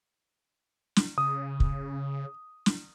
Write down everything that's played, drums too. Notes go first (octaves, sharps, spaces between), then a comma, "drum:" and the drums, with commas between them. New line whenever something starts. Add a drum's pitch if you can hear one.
drum: snare
C#3 D#6
drum: kick
drum: snare